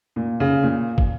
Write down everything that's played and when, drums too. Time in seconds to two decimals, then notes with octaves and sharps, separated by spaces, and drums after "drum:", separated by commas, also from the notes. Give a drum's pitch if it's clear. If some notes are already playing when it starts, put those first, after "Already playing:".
0.16 A#2
0.40 C#3
0.63 A#2
0.98 drum: kick